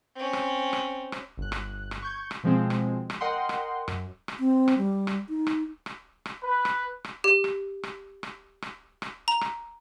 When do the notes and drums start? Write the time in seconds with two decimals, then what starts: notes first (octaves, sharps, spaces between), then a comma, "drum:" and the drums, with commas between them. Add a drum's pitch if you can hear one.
0.15 C4 C#4
0.33 drum: rim click
0.73 drum: rim click
1.12 drum: rim click
1.37 G1 F#6
1.52 drum: rim click
1.91 drum: rim click
2.02 C#6 G6 G#6
2.31 drum: rim click
2.43 B2 F3 G#3 C4
2.70 drum: rim click
3.10 drum: rim click
3.21 A#4 D#5 F#5 G5 C6
3.49 drum: rim click
3.88 F#2, drum: rim click
4.28 drum: rim click
4.39 C4
4.68 drum: rim click
4.78 G3
5.07 drum: rim click
5.29 D#4
5.47 drum: rim click
5.86 drum: rim click
6.25 drum: rim click
6.44 B4
6.65 drum: rim click
7.04 drum: rim click
7.24 G4
7.44 drum: rim click
7.83 drum: rim click
8.23 drum: rim click
8.62 drum: rim click
9.02 drum: rim click
9.28 A#5
9.41 drum: rim click